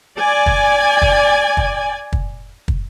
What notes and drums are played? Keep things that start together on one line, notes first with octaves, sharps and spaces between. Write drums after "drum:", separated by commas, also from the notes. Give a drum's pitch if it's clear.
D5 G#5
drum: kick
drum: kick
drum: kick
drum: kick
drum: kick